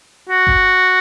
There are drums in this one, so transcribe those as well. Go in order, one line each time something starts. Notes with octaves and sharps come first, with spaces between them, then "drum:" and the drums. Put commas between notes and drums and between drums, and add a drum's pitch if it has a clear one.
F#4
drum: kick G1